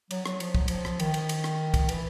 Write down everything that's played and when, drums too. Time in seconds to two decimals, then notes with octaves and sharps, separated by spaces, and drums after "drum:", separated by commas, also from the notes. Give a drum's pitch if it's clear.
0.11 F#3, drum: cymbal
0.26 F#3, drum: rim click
0.40 F3, drum: cymbal
0.55 F#3, drum: kick
0.68 F3, drum: cymbal
0.85 drum: rim click
1.00 D#3, drum: cymbal
1.14 D#3, drum: cymbal
1.29 drum: cymbal
1.44 drum: rim click
1.74 drum: kick, cymbal
1.89 E3, drum: cymbal